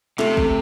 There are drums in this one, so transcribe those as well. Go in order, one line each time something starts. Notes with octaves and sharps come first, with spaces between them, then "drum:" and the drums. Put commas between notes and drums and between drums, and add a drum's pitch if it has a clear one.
C3 A3, drum: clap
drum: kick